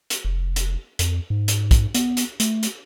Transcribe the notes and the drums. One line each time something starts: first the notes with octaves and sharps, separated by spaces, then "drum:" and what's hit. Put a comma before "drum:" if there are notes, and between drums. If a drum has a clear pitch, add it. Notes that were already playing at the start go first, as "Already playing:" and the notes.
drum: hi-hat
F1
drum: hi-hat
F2, drum: hi-hat
G#2
drum: hi-hat
drum: kick, hi-hat
B3, drum: hi-hat
drum: hi-hat
A3, drum: hi-hat
drum: hi-hat